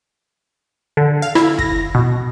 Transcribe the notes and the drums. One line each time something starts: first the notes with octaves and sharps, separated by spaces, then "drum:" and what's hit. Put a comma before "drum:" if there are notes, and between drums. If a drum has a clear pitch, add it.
D3
F5
E4, drum: rim click
A#6, drum: kick
B2